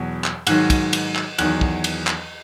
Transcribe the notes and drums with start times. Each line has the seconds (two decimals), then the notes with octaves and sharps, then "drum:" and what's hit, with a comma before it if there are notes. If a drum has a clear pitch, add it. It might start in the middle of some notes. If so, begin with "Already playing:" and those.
Already playing: E2 B2 F#3
0.24 drum: clap
0.47 G#2 D#3 F#3 F#6, drum: cymbal
0.70 drum: kick, cymbal
0.93 drum: cymbal
1.16 drum: clap
1.38 E2 D#3 F#3 F#6, drum: cymbal
1.61 drum: kick
1.84 drum: cymbal
2.07 drum: clap